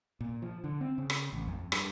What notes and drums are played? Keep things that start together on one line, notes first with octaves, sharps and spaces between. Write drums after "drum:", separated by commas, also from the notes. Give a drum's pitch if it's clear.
A#2
F3
D3
C4
C#3
drum: rim click
A1
F2
G2, drum: rim click